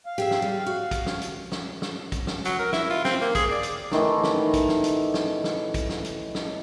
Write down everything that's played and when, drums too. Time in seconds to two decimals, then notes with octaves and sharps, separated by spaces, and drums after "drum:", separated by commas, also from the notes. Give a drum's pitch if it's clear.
0.06 F5
0.18 G4 G#4 E5
0.31 drum: snare
0.42 G3
0.67 F#4
0.91 drum: kick, hi-hat
1.06 drum: snare
1.22 drum: hi-hat
1.52 drum: snare
1.82 drum: snare
2.12 drum: kick, hi-hat
2.27 drum: snare
2.45 F#3, drum: hi-hat
2.59 A#4
2.72 E4, drum: snare
2.90 F4
3.05 C4, drum: snare
3.21 A#3
3.35 G#4, drum: kick, hi-hat
3.51 D5
3.63 drum: hi-hat
3.92 A2 D#3 E3, drum: snare
4.23 drum: snare
4.54 drum: kick, hi-hat
4.69 drum: snare
4.84 drum: hi-hat
5.14 drum: snare
5.44 drum: snare
5.74 drum: kick, hi-hat
5.89 drum: snare
6.05 drum: hi-hat
6.35 drum: snare